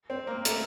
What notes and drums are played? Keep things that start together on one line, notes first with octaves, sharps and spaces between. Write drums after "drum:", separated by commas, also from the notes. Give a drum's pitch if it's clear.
C4
A#3
A3, drum: hi-hat